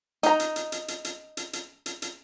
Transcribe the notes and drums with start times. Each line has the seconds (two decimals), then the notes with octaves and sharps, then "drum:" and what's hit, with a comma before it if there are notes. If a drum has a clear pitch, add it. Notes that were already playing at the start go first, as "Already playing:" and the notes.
0.23 D#4 A#5, drum: hi-hat
0.40 drum: hi-hat
0.56 drum: hi-hat
0.72 drum: hi-hat
0.88 drum: hi-hat
1.05 drum: hi-hat
1.37 drum: hi-hat
1.53 drum: hi-hat
1.86 drum: hi-hat
2.02 drum: hi-hat